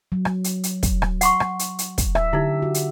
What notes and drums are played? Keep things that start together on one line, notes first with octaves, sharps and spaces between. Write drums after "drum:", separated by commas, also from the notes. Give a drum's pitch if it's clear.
F#3
drum: rim click
drum: hi-hat
drum: hi-hat
drum: kick, hi-hat
drum: rim click
F#5 C6 C#6, drum: hi-hat
drum: rim click
drum: hi-hat
drum: hi-hat
drum: kick, hi-hat
E5, drum: rim click
D3 D#4 E4 G4
F#4
drum: hi-hat